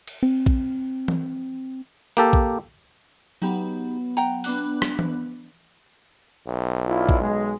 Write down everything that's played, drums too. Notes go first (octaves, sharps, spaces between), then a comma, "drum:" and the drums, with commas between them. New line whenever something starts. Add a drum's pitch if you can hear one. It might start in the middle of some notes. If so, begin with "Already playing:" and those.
drum: cymbal
C4
drum: kick A#1
drum: tom E3
A#3 G4 A4
drum: kick A#1
F#3 B3 D#4 G4
F#5 G5 A#5, drum: hi-hat
B3 D4 F#6, drum: open hi-hat
drum: rim click
drum: tom E3
B1
D4 E4 F4
drum: kick A#1
G#3